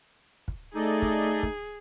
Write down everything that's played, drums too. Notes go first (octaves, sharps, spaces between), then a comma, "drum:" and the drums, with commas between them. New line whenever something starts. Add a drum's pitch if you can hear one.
drum: kick
A3 D#4 G#4 A4 D5 D#5
drum: kick
drum: kick